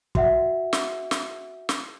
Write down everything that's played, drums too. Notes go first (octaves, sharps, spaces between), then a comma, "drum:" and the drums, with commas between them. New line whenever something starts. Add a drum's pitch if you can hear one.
F#4 E5 F#5, drum: kick
drum: snare
drum: snare
drum: snare